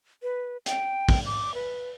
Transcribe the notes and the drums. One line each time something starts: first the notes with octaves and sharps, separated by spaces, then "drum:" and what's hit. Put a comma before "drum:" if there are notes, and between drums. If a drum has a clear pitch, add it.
B4
G5, drum: hi-hat
drum: kick, open hi-hat
D6
B4